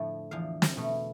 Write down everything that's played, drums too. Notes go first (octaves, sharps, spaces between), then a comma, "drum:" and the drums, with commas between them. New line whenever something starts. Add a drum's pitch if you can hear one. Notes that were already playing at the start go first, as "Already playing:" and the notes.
Already playing: F2 A2 D3 F3 A3
E2 D3 F3 F5
drum: snare
B2 A3